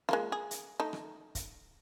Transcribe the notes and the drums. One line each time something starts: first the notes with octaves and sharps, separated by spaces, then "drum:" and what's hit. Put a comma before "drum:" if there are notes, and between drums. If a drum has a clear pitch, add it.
G#3 A#3 F4, drum: rim click
G#4
drum: hi-hat
A3 D#4
drum: rim click
drum: kick, hi-hat